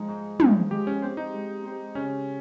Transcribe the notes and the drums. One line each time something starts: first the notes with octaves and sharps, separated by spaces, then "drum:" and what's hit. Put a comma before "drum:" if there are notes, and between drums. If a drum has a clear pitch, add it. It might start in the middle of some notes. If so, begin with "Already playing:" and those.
Already playing: F3 G#3 D#4
G#2
F3 G#3, drum: tom
G#3 G4
C#4
C4 G4 C5
D#4
G#3
C4 G4 C5
C#3 C#4